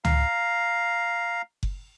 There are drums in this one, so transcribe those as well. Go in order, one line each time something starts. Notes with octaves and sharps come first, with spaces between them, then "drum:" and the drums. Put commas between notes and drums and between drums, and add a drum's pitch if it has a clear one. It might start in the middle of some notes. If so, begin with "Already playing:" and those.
F5 A#5, drum: tom
drum: kick F#1